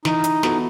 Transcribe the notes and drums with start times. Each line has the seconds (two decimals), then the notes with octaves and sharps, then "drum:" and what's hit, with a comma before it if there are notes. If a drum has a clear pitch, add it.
0.05 E3 D#4, drum: snare
0.24 drum: hi-hat
0.43 B3 F#4 A4, drum: snare